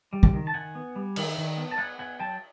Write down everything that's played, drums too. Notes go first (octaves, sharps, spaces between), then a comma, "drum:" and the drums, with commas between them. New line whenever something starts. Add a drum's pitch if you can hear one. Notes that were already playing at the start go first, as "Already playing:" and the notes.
G3
drum: kick
D#3
A5
D#3 F#5 G#5
B3
G3
D#3, drum: cymbal
D#3
B3
A5
B3 F#5 G#5
B3 F#5 G#5
F#3 G5 A5